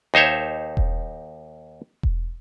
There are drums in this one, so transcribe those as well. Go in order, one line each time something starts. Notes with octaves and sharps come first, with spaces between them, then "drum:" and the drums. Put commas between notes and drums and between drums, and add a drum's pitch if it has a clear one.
D#2 D#4 C5 C#5 E5
drum: kick E1
drum: kick E1